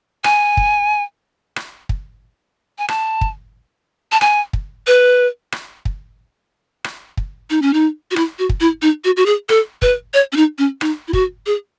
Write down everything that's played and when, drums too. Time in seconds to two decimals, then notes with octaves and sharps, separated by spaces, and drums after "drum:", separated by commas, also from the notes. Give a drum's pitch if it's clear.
0.24 G#5, drum: rim click
0.57 drum: kick
1.56 drum: rim click
1.89 drum: kick
2.78 G#5
2.88 A5, drum: rim click
3.21 drum: kick
4.12 A5
4.21 G#5, drum: rim click
4.53 drum: kick
4.87 B4
5.52 drum: rim click
5.85 drum: kick
6.84 drum: rim click
7.17 drum: kick
7.50 D#4
7.62 C#4
7.73 D#4
8.11 F#4
8.16 E4, drum: rim click
8.39 F#4
8.49 drum: kick
8.60 E4
8.82 D#4
9.04 F#4
9.17 F#4
9.26 G#4
9.49 A4, drum: rim click
9.82 B4, drum: kick
10.14 C#5
10.32 C#4
10.36 D#4
10.58 C#4
10.81 D#4, drum: rim click
11.08 E4
11.13 F#4, drum: kick
11.46 G#4